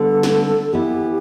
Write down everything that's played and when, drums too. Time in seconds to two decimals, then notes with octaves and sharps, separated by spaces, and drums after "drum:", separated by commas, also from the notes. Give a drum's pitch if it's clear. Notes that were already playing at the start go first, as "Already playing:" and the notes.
Already playing: D3 G3 B3 A4
0.23 drum: snare
0.73 E3 B3 E4 G4